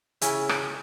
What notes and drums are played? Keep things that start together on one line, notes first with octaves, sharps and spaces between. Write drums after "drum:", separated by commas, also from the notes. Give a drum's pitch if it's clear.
C#3 E4 C#5 G#5, drum: hi-hat
drum: rim click